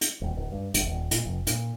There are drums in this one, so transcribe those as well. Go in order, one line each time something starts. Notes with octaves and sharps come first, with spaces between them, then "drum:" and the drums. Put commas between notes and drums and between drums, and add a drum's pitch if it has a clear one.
drum: hi-hat
D#1
D1
G2
G1, drum: hi-hat
D#1
A#2, drum: hi-hat
F1
A#2, drum: hi-hat